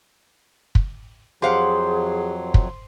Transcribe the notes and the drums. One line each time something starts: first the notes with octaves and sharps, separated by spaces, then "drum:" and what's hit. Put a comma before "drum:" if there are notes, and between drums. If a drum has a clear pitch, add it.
drum: kick
F2 F#3 G4 G#4 C5 F5 F#5
drum: kick